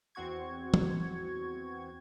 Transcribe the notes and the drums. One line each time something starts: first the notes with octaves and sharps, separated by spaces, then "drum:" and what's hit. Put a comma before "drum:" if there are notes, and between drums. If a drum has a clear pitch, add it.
E2 C4 F#4 C#6 G#6
drum: tom